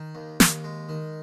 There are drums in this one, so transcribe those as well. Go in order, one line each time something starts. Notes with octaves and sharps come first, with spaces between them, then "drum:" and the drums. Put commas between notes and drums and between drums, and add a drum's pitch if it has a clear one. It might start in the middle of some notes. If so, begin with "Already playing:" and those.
Already playing: D#3
D#2
D#2, drum: snare
G#3
D#3